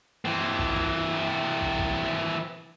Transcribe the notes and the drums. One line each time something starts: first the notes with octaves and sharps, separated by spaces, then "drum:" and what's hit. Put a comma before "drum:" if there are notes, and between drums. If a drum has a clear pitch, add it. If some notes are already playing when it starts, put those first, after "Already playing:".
E3 C4
drum: kick
drum: kick
drum: kick
drum: kick